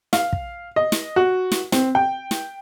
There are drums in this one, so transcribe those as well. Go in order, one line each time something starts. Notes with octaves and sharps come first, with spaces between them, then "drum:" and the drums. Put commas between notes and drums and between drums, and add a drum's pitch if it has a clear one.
F5, drum: snare
drum: kick
D#5
drum: snare
F#4
drum: snare
C4, drum: snare
G5
drum: snare